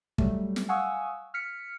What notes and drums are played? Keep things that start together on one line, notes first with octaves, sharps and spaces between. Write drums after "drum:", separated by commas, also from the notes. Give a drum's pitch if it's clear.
F#3 G3 A3, drum: kick
drum: snare
F5 F#5 G#5 C#6 D#6 E6
F6 B6 C#7